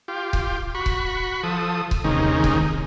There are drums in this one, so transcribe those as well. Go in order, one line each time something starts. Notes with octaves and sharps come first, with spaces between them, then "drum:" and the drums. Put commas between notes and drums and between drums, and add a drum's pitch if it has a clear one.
F4 G4
drum: kick C#1
F#4 B5 C#6
drum: kick C#1
F3 A4 D#6
drum: kick C#1
D#2 C3 D#3 G#3 C#4 D#4
drum: kick C#1